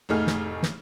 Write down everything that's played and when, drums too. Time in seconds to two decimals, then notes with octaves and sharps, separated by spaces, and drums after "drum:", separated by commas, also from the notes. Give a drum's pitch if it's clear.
0.09 F1 A2 A3 D#4 G#4 F6
0.27 drum: snare
0.63 drum: snare